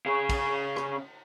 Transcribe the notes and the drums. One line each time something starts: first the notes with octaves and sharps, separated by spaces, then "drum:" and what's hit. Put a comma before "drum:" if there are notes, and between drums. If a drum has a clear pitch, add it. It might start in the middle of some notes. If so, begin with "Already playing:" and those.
C#3 G#4
drum: kick, cymbal
drum: rim click